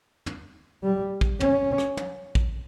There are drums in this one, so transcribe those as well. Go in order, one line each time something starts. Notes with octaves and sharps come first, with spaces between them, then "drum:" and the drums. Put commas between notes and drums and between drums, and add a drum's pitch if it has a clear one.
drum: tom
G3
drum: kick
C#4, drum: tom
drum: rim click
drum: tom
drum: kick